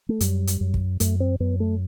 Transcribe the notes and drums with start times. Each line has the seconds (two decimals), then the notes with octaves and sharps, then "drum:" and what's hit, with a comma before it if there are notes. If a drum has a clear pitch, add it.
0.09 A3
0.20 F#2 G3, drum: hi-hat
0.47 drum: hi-hat
0.61 F#2
0.74 drum: kick
1.00 F#2 A3, drum: hi-hat
1.20 C4
1.40 F#2 B3
1.60 A3